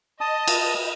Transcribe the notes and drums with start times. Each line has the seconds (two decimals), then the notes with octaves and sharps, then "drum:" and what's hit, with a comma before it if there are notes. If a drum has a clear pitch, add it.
0.21 D#5 A5 D#6
0.48 drum: cymbal